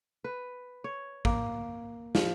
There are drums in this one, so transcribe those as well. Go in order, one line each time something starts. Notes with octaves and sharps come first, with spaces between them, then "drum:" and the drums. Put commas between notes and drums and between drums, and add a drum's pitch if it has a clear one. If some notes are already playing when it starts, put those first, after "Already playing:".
B4
C#5
A#3, drum: kick
F3, drum: snare